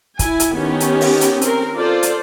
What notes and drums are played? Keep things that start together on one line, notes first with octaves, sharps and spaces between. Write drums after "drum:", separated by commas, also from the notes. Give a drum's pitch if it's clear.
E4 G#5, drum: kick, hi-hat
drum: hi-hat
D#3 B3 C#4 G4
drum: hi-hat
drum: open hi-hat
drum: hi-hat
C4 A#4, drum: hi-hat
F4 A4 C5 D5
drum: hi-hat